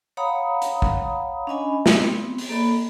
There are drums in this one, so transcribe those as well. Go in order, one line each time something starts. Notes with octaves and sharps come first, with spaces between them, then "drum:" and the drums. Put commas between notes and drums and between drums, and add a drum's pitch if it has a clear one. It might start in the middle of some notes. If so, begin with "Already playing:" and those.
C#5 F5 F#5 A#5 B5 D#6
drum: hi-hat
drum: kick
C#4 D4 D#5 G#5 B5
B3 C4, drum: snare
drum: open hi-hat
A#3 A4 D5 B5